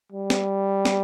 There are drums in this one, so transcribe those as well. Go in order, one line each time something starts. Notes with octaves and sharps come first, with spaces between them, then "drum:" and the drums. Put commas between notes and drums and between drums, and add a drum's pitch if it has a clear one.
G3
drum: snare
drum: snare